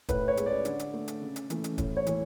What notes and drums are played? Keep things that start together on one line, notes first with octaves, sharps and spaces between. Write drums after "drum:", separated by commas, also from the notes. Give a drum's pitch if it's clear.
A2 B4, drum: kick, hi-hat
C#5
G#3, drum: hi-hat
D5
D3, drum: hi-hat
drum: hi-hat
A3
drum: hi-hat
C#3
drum: hi-hat
E3 A3, drum: hi-hat
drum: hi-hat
A2, drum: kick, hi-hat
C#5
E3 A3, drum: hi-hat